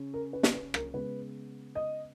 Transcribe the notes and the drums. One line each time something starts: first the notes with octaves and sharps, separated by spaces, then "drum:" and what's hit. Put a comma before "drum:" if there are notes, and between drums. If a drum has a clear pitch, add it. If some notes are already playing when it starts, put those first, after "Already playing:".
Already playing: C#3 C#4
A#4
B4
drum: snare
B4
A#4, drum: rim click
C#3 G#3 B3 B4
D#5